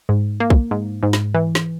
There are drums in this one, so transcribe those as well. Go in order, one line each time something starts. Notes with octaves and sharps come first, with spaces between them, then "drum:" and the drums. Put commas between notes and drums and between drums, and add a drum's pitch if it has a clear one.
G#2
A#3
drum: kick
G#2
G#2
drum: snare
E3
drum: snare